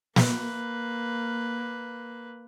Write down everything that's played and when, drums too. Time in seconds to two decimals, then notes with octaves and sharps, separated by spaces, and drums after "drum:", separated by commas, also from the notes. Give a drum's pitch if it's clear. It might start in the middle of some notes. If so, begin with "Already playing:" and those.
0.16 A#3 B4, drum: snare